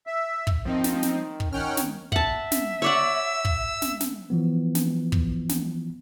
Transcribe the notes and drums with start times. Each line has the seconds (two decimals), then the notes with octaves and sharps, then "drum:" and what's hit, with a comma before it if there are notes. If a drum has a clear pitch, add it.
0.07 E5
0.47 drum: kick
0.65 D#3 F3 C4 D#4
0.84 drum: snare
1.03 drum: snare
1.40 drum: kick
1.53 D#3 C#4 F#5 G5 F6
1.77 drum: snare
2.12 E5 F#5 A5, drum: kick
2.52 drum: snare
2.82 C#5 D5 F#5 E6
3.45 drum: kick
3.82 drum: snare
4.00 drum: snare
4.30 E3 F3 B3
4.75 drum: snare
5.12 drum: kick
5.49 drum: snare